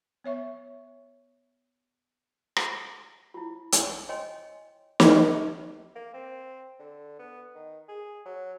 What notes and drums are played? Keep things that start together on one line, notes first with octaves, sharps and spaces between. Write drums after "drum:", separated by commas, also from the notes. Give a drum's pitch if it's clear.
B3 C#5 E5 C#6
drum: rim click
E4 F4
drum: hi-hat
C#5 D#5 G5 G#5 C6
drum: snare
A#3
C4
D3
B3
D#3
G#4
F#3